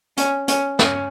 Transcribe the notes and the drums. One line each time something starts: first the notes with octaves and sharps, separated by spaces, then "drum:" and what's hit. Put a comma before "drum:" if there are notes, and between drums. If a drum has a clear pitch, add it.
C#4, drum: hi-hat
C#4, drum: hi-hat
C#4, drum: snare